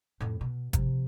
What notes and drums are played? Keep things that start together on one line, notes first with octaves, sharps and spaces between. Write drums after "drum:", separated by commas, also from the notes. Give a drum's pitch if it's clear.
F2 A2
B2
C3 F3, drum: kick G1, hi-hat